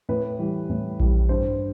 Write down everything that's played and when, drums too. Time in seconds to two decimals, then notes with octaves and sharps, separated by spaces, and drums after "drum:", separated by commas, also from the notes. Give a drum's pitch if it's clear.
0.09 A2 B4
0.39 E3 G3
0.69 A2
1.00 E3 G3, drum: kick A#1
1.29 G2 C5